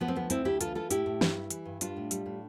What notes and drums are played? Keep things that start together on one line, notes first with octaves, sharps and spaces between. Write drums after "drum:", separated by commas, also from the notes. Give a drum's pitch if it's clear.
F3 B3
C4
D2 B3
D2 C4 E4, drum: hi-hat
D2 E4 G4
E3 F4 A4, drum: hi-hat
E3 F4 A4
A2 E4 G4, drum: hi-hat
A2
G2, drum: snare
G3
E3, drum: hi-hat
G2
G3 D4 F4, drum: hi-hat
A2
G3, drum: hi-hat
A2